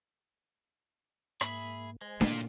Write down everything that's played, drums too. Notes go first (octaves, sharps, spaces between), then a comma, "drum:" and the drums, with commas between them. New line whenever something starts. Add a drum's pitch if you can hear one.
G#2 A#3 G#4 E5 B5, drum: rim click
G#3 C5 G#5
A#2 C#3 A#3 E4 G5, drum: snare D4